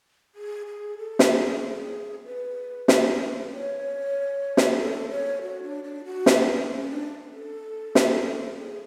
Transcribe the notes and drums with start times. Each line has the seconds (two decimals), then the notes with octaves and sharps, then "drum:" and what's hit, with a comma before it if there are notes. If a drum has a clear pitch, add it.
0.35 G#4
0.67 G#4
0.98 A4
1.19 drum: snare
1.30 G#4
2.25 B4
2.88 drum: snare
3.52 C#5
4.57 drum: snare
4.70 G#4
4.78 A4
5.10 C#5
5.42 F#4
5.63 D4
5.83 D4
6.05 F#4
6.26 drum: snare
6.36 B4
6.69 C#4
6.90 D4
7.32 A4
7.95 drum: snare
8.58 G#4